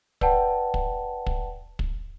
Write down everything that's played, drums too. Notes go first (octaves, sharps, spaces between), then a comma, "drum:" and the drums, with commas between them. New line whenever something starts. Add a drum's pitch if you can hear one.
B4 D5 F#5 G5 A5, drum: kick
drum: kick
drum: kick
drum: kick